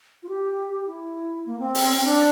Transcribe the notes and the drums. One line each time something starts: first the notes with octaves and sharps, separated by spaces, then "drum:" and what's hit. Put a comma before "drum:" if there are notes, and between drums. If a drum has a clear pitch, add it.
F4
G4
E4
A#3
C4
drum: open hi-hat
C4
D4